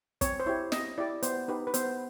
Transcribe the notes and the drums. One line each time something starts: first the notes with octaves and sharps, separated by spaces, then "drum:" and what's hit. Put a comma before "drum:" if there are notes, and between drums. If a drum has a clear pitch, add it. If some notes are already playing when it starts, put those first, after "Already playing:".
C4 C#5, drum: kick, hi-hat
C5
E4 G4 C#5
C4 D#5, drum: snare
E4 G4 D5
B3 C5, drum: hi-hat
D#4 G4 B4
B4
B3 C5, drum: hi-hat